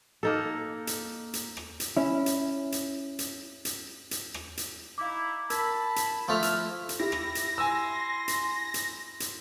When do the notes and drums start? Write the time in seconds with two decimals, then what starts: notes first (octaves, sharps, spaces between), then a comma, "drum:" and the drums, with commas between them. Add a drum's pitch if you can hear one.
0.23 A#3 D#4 A4
0.87 drum: hi-hat
1.33 drum: hi-hat
1.57 drum: rim click
1.80 drum: hi-hat
1.97 C#4 E4
2.26 drum: hi-hat
2.72 drum: hi-hat
3.19 drum: hi-hat
3.65 drum: hi-hat
4.11 drum: hi-hat
4.34 drum: rim click
4.57 drum: hi-hat
4.98 D#4 E4 F5 D6
5.50 A#4 A5 B5 E6 G#6, drum: hi-hat
5.96 drum: hi-hat
6.28 F3 A3 E4 E5 F6
6.43 drum: hi-hat
6.89 drum: hi-hat
6.99 E4 G4 A#6
7.12 drum: rim click
7.35 drum: hi-hat
7.58 G#5 C6 E6
8.28 drum: hi-hat
8.74 drum: hi-hat
9.20 drum: hi-hat